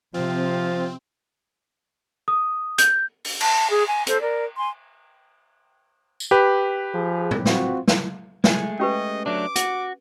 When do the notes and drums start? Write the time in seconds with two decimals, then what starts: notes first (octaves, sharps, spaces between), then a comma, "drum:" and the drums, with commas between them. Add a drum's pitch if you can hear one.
0.14 C3 F3 C4 F4
2.28 D#6
2.78 G6, drum: hi-hat
3.25 drum: open hi-hat
3.41 A5, drum: cymbal
3.69 G#4
3.87 G#5
4.07 A4 C5, drum: hi-hat
4.22 A#4 D5
4.57 G#5 C6
6.20 drum: tambourine
6.31 G4 B4
6.93 F3 G#4
7.31 drum: tom A2
7.46 C4 F4 F#4, drum: snare
7.88 drum: snare
8.44 G#3 A3 G#4, drum: snare
8.80 C#4 G4 B4 D#5
9.26 F#3 A3 D4 D6
9.56 F#4, drum: hi-hat